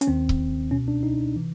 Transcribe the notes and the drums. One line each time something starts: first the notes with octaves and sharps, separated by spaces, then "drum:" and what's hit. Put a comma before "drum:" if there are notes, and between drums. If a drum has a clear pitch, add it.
C#4, drum: hi-hat
D#2 D#3 C4
drum: kick C#1
C#2 B2 C#4
D4
D#4
C3 E3